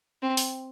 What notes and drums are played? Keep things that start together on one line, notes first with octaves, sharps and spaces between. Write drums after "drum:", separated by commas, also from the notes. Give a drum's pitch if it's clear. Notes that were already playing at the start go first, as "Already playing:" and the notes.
C4
drum: open hi-hat